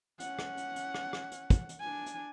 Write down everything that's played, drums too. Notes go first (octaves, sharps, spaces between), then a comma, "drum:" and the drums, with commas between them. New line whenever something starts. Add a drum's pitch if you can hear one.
C#4 F#5, drum: hi-hat
drum: rim click
drum: hi-hat
drum: hi-hat
drum: rim click
drum: rim click
drum: hi-hat
drum: kick, hi-hat
drum: hi-hat
D4 G#5
drum: hi-hat